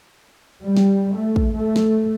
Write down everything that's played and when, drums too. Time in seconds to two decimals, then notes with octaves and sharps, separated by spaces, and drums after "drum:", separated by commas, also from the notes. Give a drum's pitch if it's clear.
0.63 G3
0.77 drum: snare
1.16 A3
1.36 drum: kick
1.55 A3
1.76 drum: snare